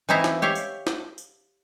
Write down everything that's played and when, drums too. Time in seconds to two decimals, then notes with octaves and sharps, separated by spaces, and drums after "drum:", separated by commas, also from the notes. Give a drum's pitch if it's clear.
0.09 E3 C4 D#4 E4 E5 F5
0.24 drum: snare
0.42 G4 C#5 E5 F5
0.55 drum: tambourine
0.87 drum: snare
1.18 drum: tambourine